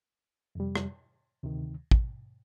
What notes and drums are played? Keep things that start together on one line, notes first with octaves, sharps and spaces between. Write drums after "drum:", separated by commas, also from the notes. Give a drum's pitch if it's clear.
F2 C3 G3
drum: rim click
D2 C3 D#3
drum: kick